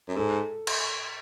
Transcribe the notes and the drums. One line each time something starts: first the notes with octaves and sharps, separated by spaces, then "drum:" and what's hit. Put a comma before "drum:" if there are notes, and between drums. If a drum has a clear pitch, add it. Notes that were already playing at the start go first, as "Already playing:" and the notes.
F#2
G#2 A4
drum: cymbal